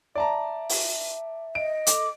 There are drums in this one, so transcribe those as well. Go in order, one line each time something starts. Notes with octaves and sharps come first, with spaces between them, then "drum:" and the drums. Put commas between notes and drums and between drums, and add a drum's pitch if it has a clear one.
D5 E5 A5 A#5
drum: open hi-hat
D#5 D7
A4 D6, drum: hi-hat